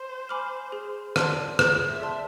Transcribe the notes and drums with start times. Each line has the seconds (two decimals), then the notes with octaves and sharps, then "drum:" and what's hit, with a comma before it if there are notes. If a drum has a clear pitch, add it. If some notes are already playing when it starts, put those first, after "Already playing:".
Already playing: C5
0.29 G#5 B5 D6 F6
0.72 G#4
1.16 D5 A5 C6, drum: rim click
1.59 G#4 C5, drum: rim click
1.88 E5
2.02 D5 A5 C6